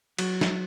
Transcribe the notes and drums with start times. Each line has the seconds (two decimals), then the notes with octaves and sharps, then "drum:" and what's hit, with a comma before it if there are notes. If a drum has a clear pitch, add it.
0.19 F#3, drum: cymbal
0.41 drum: snare